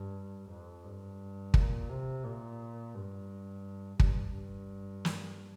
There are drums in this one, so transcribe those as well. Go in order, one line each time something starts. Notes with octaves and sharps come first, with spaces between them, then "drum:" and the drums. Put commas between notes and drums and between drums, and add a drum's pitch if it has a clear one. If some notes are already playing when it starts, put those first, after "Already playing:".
Already playing: G2
F2
G2
A#2, drum: kick
C3
A#2
G2
G2, drum: kick
G2
drum: snare